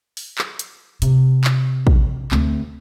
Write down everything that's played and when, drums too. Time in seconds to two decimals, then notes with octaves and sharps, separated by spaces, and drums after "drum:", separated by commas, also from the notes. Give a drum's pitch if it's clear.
0.17 drum: open hi-hat
0.38 drum: clap
0.59 drum: hi-hat
1.02 C3, drum: hi-hat
1.44 drum: clap
1.87 drum: kick
2.31 D2 C4, drum: clap